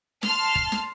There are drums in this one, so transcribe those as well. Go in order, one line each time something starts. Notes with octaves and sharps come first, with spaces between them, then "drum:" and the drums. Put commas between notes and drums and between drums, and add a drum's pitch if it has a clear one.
A5 C6 F6, drum: snare
drum: kick
drum: snare